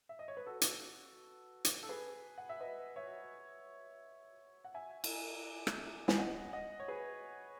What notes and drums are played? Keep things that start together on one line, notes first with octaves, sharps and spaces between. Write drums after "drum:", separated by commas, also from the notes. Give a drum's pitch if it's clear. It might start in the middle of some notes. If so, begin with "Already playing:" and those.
E5
D#5
C#5
B4
F#4 A4
drum: hi-hat
drum: hi-hat
A4
G#4 B4
F#5
E5
B4 D#5
C#5 E5
F#5
E5 G#5
drum: cymbal
drum: rim click
G#5, drum: snare
D#5 F#5
D#5 F#5
C#5
G#4 B4